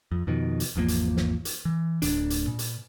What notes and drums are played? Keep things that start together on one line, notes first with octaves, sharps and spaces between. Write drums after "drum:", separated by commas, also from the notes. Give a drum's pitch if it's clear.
F2
F2 B2 D#3
drum: hi-hat
G#1 E2 F3 A#3
drum: hi-hat
drum: snare
drum: hi-hat
E3
D1 D2 D4, drum: hi-hat
drum: hi-hat
A#2
drum: hi-hat